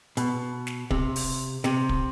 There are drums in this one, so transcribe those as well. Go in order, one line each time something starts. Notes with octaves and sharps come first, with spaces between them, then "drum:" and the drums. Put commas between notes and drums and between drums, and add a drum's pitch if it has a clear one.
B2, drum: hi-hat
drum: snare
C3, drum: kick
drum: open hi-hat
C3, drum: snare
drum: kick